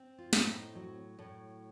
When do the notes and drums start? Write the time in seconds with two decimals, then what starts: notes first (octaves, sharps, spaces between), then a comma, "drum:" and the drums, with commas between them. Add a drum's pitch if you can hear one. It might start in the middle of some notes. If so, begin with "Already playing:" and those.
Already playing: C4
0.18 F4
0.33 A2, drum: snare
0.48 D#4
0.75 F#3
1.19 A2